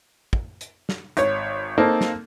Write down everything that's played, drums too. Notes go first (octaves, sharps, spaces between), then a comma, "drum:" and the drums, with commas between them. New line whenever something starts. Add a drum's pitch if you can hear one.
drum: kick
drum: hi-hat
drum: snare
G#1 C#5, drum: hi-hat
A#3 C4 D#4 A4
drum: snare